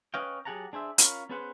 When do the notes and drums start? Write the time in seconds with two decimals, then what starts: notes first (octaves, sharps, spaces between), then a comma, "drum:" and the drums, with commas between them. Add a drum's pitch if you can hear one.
0.14 C#4 B4 C#5 D#5 F5 G5
0.45 F#3 G4 G#4 F#5 A5 A#5
0.73 D4 G#4 C5 E5
0.98 C#4 F4 A#4 C#5 F5 B5, drum: hi-hat
1.29 B3 C#4 G#4 B4 C5 F#5